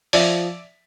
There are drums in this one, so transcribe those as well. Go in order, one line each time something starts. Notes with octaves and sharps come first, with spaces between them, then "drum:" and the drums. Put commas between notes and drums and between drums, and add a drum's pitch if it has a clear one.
F3 D5 E5, drum: open hi-hat